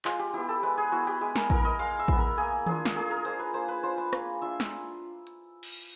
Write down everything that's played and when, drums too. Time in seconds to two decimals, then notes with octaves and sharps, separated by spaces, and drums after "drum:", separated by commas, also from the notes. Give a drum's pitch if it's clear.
0.05 G#3 F4, drum: clap
0.19 G4
0.34 B3 E4 G4
0.49 A4
0.63 G#3 B4
0.78 G#4
0.92 B3 E4 F#4
1.07 G4
1.21 G#3 G#4
1.36 A#4, drum: snare
1.50 B3 E4 A#4, drum: kick A#1
1.65 D#5
1.79 G#3 F5
1.99 E5
2.08 B3 E4, drum: kick A#1
2.18 A#4
2.37 A#3 G#4
2.66 D4 F4 G#4, drum: tom D#3
2.85 drum: snare
2.96 A#3 G#4
3.10 A#4
3.25 D4 F4 C5, drum: hi-hat
3.40 B4
3.54 A#3 C5
3.68 B4
3.83 D4 F4 C5
3.98 B4
4.13 A#3, drum: rim click
4.41 D4 F4 E5
4.60 drum: snare
5.27 drum: hi-hat
5.63 drum: cymbal